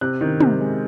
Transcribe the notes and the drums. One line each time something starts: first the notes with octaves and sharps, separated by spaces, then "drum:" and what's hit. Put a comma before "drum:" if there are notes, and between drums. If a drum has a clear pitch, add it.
C3 F#6
D#3
C3, drum: tom
G#3